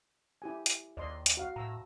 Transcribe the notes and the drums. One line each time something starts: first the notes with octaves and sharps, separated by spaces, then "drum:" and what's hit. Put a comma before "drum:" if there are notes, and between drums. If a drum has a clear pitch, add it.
E4 G4 G#5
drum: hi-hat
D#2 D5 D#5 C6
drum: hi-hat
F#4 F5
A2 A#5 E6